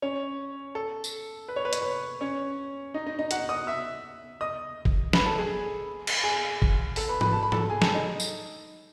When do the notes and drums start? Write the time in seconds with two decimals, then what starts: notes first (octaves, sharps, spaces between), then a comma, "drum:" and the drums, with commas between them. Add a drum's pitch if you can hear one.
0.02 C#4 C#5
0.75 A4
1.04 drum: tambourine
1.48 B4
1.56 C#5
1.65 B4
1.73 C#5, drum: hi-hat
1.82 B4
2.21 C#4 C#5
2.94 D#4 D#5
3.07 D#4 D#5
3.19 D#4 D#5
3.31 F#4 F#5, drum: hi-hat
3.49 D#5 D#6
3.67 E5 E6
4.41 D#5 D#6
4.85 drum: kick
5.13 B4 B5, drum: snare
5.26 A4 A5
5.38 G#4 G#5
6.07 drum: cymbal
6.24 G#4 G#5
6.62 drum: kick
6.96 A4 A5, drum: open hi-hat
7.09 B4 B5
7.21 B4 B5, drum: tom G#2
7.33 A5
7.43 B5
7.52 A4 A5, drum: tom G#2
7.70 G#4 G#5
7.82 A4 A5, drum: snare
7.94 D#4 D#5
8.20 drum: tambourine